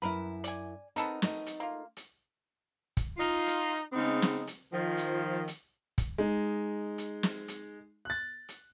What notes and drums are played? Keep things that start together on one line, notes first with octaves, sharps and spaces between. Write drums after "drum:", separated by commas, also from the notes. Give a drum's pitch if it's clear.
F#2 E4 A#4 B4
D5 G#5, drum: hi-hat
B3 C4 D#4 A4 A#4, drum: hi-hat
A3 D#4, drum: snare
drum: hi-hat
A#3 F4
drum: hi-hat
drum: kick, hi-hat
D#4 F4
drum: hi-hat
C#3 G#3 B3 C4 D#4
drum: snare
drum: hi-hat
D#3 F3
drum: hi-hat
drum: hi-hat
drum: kick, hi-hat
G#3 D#4
drum: hi-hat
drum: snare
drum: hi-hat
F#6 A6
drum: hi-hat